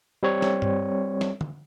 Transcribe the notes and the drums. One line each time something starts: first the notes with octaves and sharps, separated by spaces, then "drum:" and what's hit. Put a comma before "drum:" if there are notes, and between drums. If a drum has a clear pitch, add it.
G3 C4 C#5
drum: snare
drum: tom G2
drum: snare
drum: tom